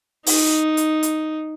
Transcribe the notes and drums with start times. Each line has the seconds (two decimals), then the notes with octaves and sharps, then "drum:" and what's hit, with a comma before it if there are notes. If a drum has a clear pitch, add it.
0.26 D#4, drum: open hi-hat
0.77 drum: hi-hat
1.03 drum: hi-hat